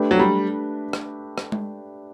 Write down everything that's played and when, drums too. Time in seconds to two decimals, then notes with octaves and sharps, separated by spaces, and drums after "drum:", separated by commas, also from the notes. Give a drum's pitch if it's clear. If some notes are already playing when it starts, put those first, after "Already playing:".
Already playing: A3 D4 G4 B4
0.11 F#3
0.19 G3
0.93 drum: rim click
1.38 drum: rim click
1.52 drum: tom G#3